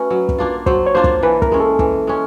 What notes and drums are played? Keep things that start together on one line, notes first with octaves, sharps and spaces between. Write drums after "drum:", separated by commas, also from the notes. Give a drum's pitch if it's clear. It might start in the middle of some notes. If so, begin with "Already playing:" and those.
Already playing: A3 C#4 F#4 B4
F#3
drum: kick
A#3 D4 F4
F#3 C5, drum: kick
C#5
A#3 D4 F4 C5
drum: kick
E3 B4
A#4, drum: kick
G#3 C#4
A4
E3, drum: kick
G#3 C#4